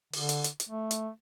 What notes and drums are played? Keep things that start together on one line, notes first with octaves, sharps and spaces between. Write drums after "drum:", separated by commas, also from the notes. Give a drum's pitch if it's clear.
D3, drum: open hi-hat
drum: hi-hat
drum: hi-hat
drum: hi-hat
A3
drum: hi-hat